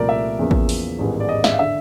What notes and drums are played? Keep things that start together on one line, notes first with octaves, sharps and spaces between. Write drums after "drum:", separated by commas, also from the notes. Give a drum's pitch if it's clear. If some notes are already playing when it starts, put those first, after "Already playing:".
Already playing: C2 A#2 F3 A3 A#4 D5
E5
E2 C#3 F3 A#3
drum: kick A1
drum: open hi-hat
A1 G#2 D#3 G3 B3
D5
D#5
E5, drum: snare
F5
D3 E5